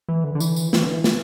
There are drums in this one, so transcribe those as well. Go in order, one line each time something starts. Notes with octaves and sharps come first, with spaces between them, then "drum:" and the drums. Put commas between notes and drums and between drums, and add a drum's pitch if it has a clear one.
E3
D3
D3
E3, drum: tambourine
drum: tambourine
E3, drum: snare
D3
E3
drum: snare